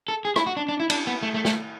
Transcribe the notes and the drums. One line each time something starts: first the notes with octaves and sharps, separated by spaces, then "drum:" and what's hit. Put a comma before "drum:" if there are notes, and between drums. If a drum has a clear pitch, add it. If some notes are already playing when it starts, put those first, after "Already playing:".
A4
G#4
E4, drum: rim click
F#4
D4
D4
E4
D4, drum: cymbal
B3
A3
A3
A3, drum: snare